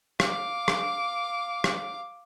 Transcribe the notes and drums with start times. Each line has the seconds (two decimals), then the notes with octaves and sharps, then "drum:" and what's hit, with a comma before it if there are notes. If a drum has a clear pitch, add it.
0.20 F5 D6, drum: rim click
0.68 drum: rim click
1.64 drum: rim click